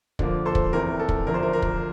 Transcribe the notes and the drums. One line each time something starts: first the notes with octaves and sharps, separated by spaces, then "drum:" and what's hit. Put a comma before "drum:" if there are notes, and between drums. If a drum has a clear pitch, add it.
D3 F3 A#3, drum: kick
A4 C5
drum: kick
E2 E3 A3 C4 A#4
A4
drum: kick
E2 D3 F3 A3 A#4
C5
A#4
A#4
drum: kick